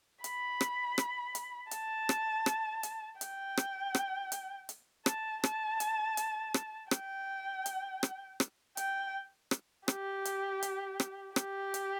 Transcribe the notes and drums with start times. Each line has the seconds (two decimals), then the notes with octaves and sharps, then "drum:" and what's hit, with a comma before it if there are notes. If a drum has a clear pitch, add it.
0.24 B5, drum: hi-hat
0.61 drum: rim click
0.98 drum: rim click
1.35 drum: hi-hat
1.71 A5, drum: hi-hat
2.09 drum: rim click
2.46 drum: rim click
2.83 drum: hi-hat
3.21 G5, drum: hi-hat
3.57 drum: rim click
3.95 drum: rim click
4.32 drum: hi-hat
4.69 drum: hi-hat
5.06 A5, drum: rim click
5.44 A5, drum: rim click
5.80 drum: hi-hat
6.17 drum: hi-hat
6.54 drum: rim click
6.91 G5, drum: rim click
7.66 drum: hi-hat
8.03 drum: rim click
8.40 drum: rim click
8.77 G5, drum: hi-hat
9.51 drum: rim click
9.88 G4, drum: rim click
10.25 drum: hi-hat
10.63 drum: hi-hat
11.00 drum: rim click
11.36 G4, drum: rim click
11.74 drum: hi-hat